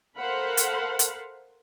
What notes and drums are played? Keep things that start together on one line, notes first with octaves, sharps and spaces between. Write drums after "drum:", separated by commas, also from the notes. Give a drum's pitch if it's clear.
A4 A#4 C5 F5 F#5 B5
drum: hi-hat
drum: hi-hat